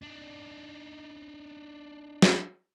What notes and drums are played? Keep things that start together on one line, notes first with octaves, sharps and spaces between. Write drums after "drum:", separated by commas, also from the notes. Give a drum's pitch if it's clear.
D4 D#4
drum: snare